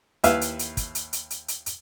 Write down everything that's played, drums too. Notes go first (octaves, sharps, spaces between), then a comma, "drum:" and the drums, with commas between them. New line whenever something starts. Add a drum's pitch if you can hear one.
D#2 E4 B4 E5 F5, drum: hi-hat
drum: hi-hat
drum: hi-hat
drum: kick, hi-hat
drum: hi-hat
drum: hi-hat
drum: hi-hat
drum: hi-hat
drum: hi-hat